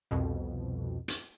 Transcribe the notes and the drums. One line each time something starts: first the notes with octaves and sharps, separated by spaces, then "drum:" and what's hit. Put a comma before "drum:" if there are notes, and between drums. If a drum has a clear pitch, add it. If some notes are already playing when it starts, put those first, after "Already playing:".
C2 F2 B2
drum: hi-hat